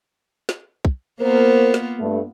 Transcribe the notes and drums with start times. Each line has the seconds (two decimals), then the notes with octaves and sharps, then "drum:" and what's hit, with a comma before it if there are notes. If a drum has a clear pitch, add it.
0.49 drum: snare
0.85 drum: kick
1.20 A#3 B3 F4 A#4 C5
1.74 drum: snare
1.99 G2 A3